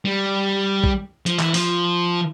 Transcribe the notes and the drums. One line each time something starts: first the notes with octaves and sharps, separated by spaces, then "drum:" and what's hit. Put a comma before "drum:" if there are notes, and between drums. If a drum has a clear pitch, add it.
G3
drum: kick A#1
F3, drum: hi-hat
E3, drum: clap
F3, drum: open hi-hat